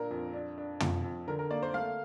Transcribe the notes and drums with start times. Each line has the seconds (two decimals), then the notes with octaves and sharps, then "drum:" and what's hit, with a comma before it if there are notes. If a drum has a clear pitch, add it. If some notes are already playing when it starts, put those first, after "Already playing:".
Already playing: A#2 D4 A#4
0.11 F2
0.34 D4
0.58 D4
0.80 F2, drum: tom
1.04 F2
1.27 D3 A#4
1.39 A#4
1.51 A#3 D5
1.63 C5
1.74 A3 F5